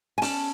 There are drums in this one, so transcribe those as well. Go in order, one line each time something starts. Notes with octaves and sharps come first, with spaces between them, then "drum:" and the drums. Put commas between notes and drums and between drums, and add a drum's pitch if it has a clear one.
G#5
C#4 A5, drum: open hi-hat